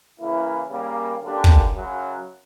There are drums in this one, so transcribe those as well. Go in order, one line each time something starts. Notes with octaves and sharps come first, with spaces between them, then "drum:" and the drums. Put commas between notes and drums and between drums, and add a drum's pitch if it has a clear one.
C#3 E3 A#3 E4
C#3 G3 A#3
F#2 D3 A#3 D4 G4
drum: kick
F#2 C#3 F#3